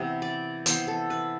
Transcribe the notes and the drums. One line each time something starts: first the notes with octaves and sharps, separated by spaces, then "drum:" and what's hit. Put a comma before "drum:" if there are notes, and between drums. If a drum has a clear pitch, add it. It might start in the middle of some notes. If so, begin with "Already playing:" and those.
Already playing: C3 E3 B3
D5
C3 E3 B3 C5, drum: hi-hat
A4
B4